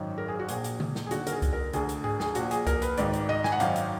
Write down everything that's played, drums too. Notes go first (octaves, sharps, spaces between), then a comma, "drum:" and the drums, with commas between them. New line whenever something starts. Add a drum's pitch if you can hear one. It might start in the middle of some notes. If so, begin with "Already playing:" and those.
Already playing: G#1 F#2 D#3
A#4
G#4
F#4
A#1 A#2 G#4, drum: hi-hat
drum: hi-hat
drum: tom C#3
drum: snare
G#4
D#2 D3 F#4, drum: hi-hat
A#4, drum: hi-hat
G#4
drum: kick C2, hi-hat
A#4
D2 D3 G#4, drum: hi-hat
drum: hi-hat
G#4, drum: tom G#2
G#4, drum: snare
A#1 A#2 F#4, drum: hi-hat
G#4, drum: hi-hat
A#4, drum: kick C2, hi-hat
B4, drum: hi-hat
G#1 G#2 D#3 D5, drum: hi-hat
drum: hi-hat
D#5, drum: tom C3
G#5, drum: snare
F#5
G#1 F#2 D#3 F5, drum: hi-hat
drum: hi-hat